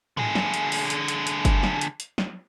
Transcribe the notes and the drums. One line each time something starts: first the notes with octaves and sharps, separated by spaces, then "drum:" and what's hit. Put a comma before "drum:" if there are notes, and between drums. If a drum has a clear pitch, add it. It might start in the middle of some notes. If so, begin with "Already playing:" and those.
D3 G#4, drum: tom G#2
drum: snare
drum: hi-hat
drum: open hi-hat
drum: hi-hat
drum: hi-hat
drum: hi-hat
drum: kick F#1, hi-hat
drum: snare
drum: hi-hat
drum: hi-hat
drum: snare